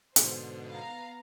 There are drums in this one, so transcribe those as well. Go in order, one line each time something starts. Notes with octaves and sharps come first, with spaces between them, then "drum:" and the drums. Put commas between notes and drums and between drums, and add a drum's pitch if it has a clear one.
G#2 B2 D3 C5, drum: hi-hat
B3 F5 A#5